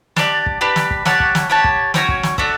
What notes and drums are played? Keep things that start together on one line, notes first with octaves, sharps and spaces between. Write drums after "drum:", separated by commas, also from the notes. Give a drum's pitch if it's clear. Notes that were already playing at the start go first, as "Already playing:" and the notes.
D4 G4 D5, drum: snare
drum: kick
D4 G4 B4
drum: snare
drum: kick
G4 C#5 F#5 A5, drum: snare
drum: kick
drum: snare
G4 C#5 F#5 A5
drum: kick
C#4 F#4 C#5 G5, drum: snare
drum: kick
drum: snare
D4 F#4 A4 E5, drum: kick